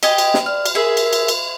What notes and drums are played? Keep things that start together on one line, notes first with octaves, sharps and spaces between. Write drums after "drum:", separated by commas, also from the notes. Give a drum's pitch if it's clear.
G4 D#5 G#5, drum: cymbal
drum: cymbal
drum: snare
D5 F6
drum: cymbal
G#4 A#4 E5
drum: cymbal
drum: cymbal
drum: cymbal